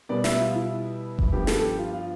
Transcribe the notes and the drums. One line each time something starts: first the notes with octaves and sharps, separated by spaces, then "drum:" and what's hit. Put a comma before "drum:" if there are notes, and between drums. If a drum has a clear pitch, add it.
B2 G3 B3 D5
E5, drum: snare
F4
F4
E4
drum: kick F1
G2 F3 B3 G4
A4, drum: snare
G4
F4
F4